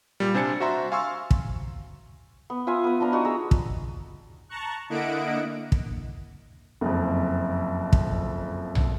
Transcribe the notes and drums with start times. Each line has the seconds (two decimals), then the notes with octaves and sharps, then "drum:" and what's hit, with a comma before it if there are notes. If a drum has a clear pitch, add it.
0.20 A#2 G3
0.34 C3 D4 C5 G#5 A6 C#7
0.60 F#4 C5 E5 A#5 C6
0.92 F5 G#5 C6 C#6 E6
1.31 drum: kick
2.50 B3
2.67 F4 E5 G#5 D#6
2.84 B3 B4
3.00 F3 B3 D4 A#5
3.12 D#4 F#4 D#6
3.25 G#4 A#5 E6
3.51 drum: kick
4.49 A5 A#5 C#6 F#6
4.89 D3 A#3 E4 D#5 F#5 D7
5.72 drum: kick
6.81 F#1 F2
7.93 drum: kick
8.75 drum: tom B1